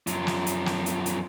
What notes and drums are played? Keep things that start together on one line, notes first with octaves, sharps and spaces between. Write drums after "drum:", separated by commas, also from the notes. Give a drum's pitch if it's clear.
F#2 F3, drum: hi-hat
drum: snare
drum: hi-hat
drum: snare
drum: hi-hat
drum: hi-hat